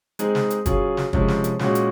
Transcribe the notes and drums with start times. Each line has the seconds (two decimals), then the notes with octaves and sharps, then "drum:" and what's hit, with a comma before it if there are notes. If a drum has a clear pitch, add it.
0.19 G#3 C4 D#4 G#4, drum: hi-hat
0.35 drum: snare
0.50 drum: hi-hat
0.66 F#3 C#4 F4 G#4, drum: kick, hi-hat
0.97 drum: snare
1.13 C3 F3 G#3 C#4, drum: kick
1.28 drum: snare
1.44 drum: hi-hat
1.59 A#2 G#3 C#4 F#4, drum: snare
1.75 drum: hi-hat